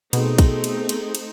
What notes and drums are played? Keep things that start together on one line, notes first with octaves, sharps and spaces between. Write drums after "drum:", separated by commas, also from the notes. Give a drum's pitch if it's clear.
B2 A3 C4 D#4 G#4, drum: cymbal
drum: kick, cymbal
drum: cymbal
drum: cymbal
drum: cymbal